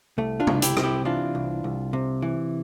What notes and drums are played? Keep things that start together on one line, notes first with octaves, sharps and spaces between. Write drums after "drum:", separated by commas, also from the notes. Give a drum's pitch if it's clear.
C2 A3
D4 F4
C2, drum: tom
E4 G4, drum: hi-hat
C3, drum: rim click
E4 G4
E3 D4 F4
C2
C2
C3
E3